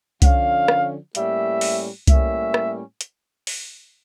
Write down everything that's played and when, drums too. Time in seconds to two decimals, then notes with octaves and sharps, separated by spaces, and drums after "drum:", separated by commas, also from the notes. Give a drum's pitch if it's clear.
0.22 D3 F3 C#4 F5, drum: kick C2, hi-hat
0.68 drum: rim click
1.15 A2 G3 A#3 C#4 E5, drum: hi-hat
1.61 drum: open hi-hat
2.07 A2 G3 A#3 C#4 E5, drum: kick C2, hi-hat
2.54 drum: rim click
3.01 drum: hi-hat
3.47 drum: open hi-hat